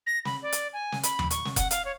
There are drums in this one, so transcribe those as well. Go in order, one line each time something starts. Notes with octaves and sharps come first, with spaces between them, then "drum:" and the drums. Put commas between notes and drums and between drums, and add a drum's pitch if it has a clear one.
A#6
B5, drum: snare
D5
drum: hi-hat
G#5
drum: snare
B5, drum: hi-hat
drum: tom D#2
C#6, drum: hi-hat
drum: snare
F#5, drum: kick F1, hi-hat
F5, drum: hi-hat
C#5